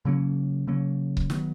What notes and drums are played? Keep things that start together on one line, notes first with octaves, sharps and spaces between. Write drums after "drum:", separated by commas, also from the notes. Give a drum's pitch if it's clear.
C#3 F#3 A#3 C#4
C#3 F#3 A#3 C#4
drum: kick C#1
D#3 F#3 B3, drum: snare